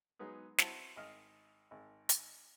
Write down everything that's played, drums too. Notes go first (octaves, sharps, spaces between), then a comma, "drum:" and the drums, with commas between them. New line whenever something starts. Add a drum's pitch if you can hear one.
F#3 G#3 B3 D#4 G#4
C4 E4 F#4 A5, drum: snare
G#1 D#5 F6
G#1
drum: hi-hat